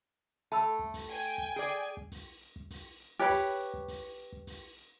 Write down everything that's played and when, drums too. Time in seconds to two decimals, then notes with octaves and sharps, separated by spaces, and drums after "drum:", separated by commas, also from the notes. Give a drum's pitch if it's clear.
0.52 A3 A5 B5 E6
0.79 drum: kick
0.94 drum: kick, open hi-hat
1.09 G5 G#5
1.38 drum: kick
1.56 G#4 D5
1.82 drum: hi-hat
1.97 drum: kick
2.12 drum: kick, open hi-hat
2.41 drum: hi-hat
2.56 drum: kick
2.71 drum: kick, open hi-hat
3.00 drum: hi-hat
3.19 G4 B4 C#5 B5
3.29 drum: kick, open hi-hat
3.59 drum: hi-hat
3.74 drum: kick
3.88 drum: kick, open hi-hat
4.18 drum: hi-hat
4.32 drum: kick
4.47 drum: kick, open hi-hat
4.77 drum: hi-hat